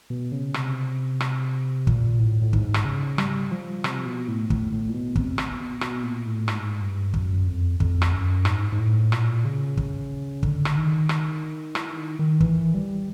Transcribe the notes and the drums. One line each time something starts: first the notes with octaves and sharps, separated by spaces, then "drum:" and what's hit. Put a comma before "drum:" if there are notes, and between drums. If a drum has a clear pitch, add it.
B2
C#3
C3, drum: rim click
drum: rim click
A#2, drum: kick
A2
A2
G#2, drum: kick
drum: rim click
C#3
G3, drum: rim click
F3
C3, drum: rim click
B2
A2
A2, drum: kick
A2
A#2
B2
C3, drum: kick
drum: rim click
B2
B2, drum: rim click
A#2
A2
G#2, drum: rim click
G2
F#2, drum: kick
F2
F2, drum: kick
drum: rim click
F#2
G#2, drum: rim click
G#2
A2
A#2, drum: rim click
C#3
drum: kick
D3, drum: kick
drum: rim click
D#3
drum: rim click
E3, drum: rim click
D#3
D#3
E3, drum: kick
G3